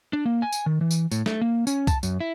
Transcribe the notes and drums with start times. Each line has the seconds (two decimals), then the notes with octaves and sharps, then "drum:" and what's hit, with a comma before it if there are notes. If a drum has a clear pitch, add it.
0.13 D4
0.25 A#3
0.42 G#5
0.52 drum: tambourine
0.66 D#3
0.81 E3
0.91 drum: tambourine
1.12 A2, drum: tambourine
1.26 A3, drum: snare
1.41 A#3
1.67 C#4, drum: tambourine
1.87 A5, drum: kick C2, tambourine
2.03 F#2, drum: tambourine
2.20 E4